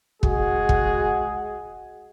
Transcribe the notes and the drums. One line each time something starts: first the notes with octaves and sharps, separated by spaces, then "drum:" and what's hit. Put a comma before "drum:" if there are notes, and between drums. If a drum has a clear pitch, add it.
G#3 F#4 G#4, drum: kick
drum: kick